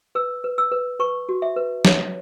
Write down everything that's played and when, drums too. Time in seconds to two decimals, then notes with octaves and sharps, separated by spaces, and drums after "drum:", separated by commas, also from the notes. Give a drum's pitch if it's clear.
0.15 B4 E6
0.44 B4
0.58 E6
0.72 B4
0.99 B4 C#6
1.29 F#4
1.42 E5
1.56 B4
1.85 C#5, drum: snare